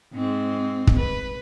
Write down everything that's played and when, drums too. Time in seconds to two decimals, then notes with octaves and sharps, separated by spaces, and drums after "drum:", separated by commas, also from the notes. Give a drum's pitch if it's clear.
0.14 G#2 C4
0.87 drum: kick
0.97 B4